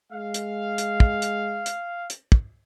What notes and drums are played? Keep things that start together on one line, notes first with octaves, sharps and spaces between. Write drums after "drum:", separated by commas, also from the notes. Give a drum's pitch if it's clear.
G#3 F5
drum: hi-hat
drum: hi-hat
drum: kick
drum: hi-hat
drum: hi-hat
drum: hi-hat
drum: kick